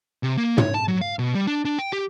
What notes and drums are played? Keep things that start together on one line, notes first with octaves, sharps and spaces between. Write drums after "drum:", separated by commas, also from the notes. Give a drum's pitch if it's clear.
C3
A#3
C#5, drum: tom
A5
F#3
F5
B2
G3
D4
D4
G5
G4